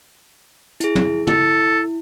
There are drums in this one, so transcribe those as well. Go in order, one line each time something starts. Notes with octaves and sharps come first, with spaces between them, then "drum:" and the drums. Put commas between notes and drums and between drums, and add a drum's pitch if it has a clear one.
E4 G#4, drum: hi-hat
drum: tom
E4 A4, drum: tom